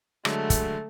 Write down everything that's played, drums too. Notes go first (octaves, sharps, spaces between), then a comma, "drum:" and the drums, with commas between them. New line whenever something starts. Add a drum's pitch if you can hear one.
D3 F#3 G#3 A3, drum: rim click
drum: kick, hi-hat